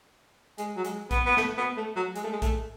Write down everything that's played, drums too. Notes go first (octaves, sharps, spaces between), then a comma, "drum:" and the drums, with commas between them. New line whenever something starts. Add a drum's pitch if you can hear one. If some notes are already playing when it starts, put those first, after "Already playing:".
G#3, drum: hi-hat
F#3
G#3, drum: hi-hat
B3, drum: kick A#1, hi-hat
B3
A3, drum: snare
B3
A3
F#3
G#3, drum: hi-hat
A3
G#3
A3, drum: kick A#1, hi-hat